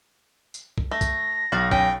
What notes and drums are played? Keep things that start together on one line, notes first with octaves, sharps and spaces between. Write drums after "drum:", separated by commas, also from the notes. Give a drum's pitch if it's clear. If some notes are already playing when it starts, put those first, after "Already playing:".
drum: tambourine
drum: kick
A3 A#6
drum: kick, tambourine
B1 F#4 F5 A6
C#4 G5, drum: kick